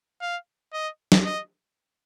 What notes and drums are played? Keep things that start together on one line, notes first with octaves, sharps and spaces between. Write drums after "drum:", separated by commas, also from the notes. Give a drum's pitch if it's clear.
F5
D#5
drum: snare
D#5